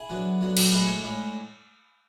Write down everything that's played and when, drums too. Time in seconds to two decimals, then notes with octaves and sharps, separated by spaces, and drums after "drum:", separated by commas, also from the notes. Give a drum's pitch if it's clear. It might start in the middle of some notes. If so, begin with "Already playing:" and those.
Already playing: E4 G#4
0.09 D3 F#3 B3 D4
0.41 D3 F#3 B3 D4
0.57 F#4 A4, drum: cymbal
0.71 A2 G#3 D4 G#4 B4
0.87 A4 C#5
1.03 A2 G#3 D4